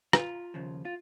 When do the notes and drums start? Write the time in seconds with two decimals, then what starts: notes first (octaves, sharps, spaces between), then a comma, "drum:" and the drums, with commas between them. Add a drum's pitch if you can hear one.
0.13 F4, drum: rim click
0.54 D#2 C#3 F3
0.85 F4